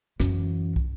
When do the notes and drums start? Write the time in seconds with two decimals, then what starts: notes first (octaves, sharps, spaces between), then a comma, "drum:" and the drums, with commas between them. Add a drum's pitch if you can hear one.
0.20 F#2 E3, drum: rim click
0.76 drum: kick